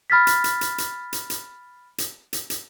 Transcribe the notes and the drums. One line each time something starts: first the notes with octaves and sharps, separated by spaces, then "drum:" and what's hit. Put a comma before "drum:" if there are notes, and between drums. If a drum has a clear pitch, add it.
B5 F6 A6 B6
drum: hi-hat
drum: hi-hat
drum: hi-hat
drum: hi-hat
drum: hi-hat
drum: hi-hat
drum: hi-hat
drum: hi-hat
drum: hi-hat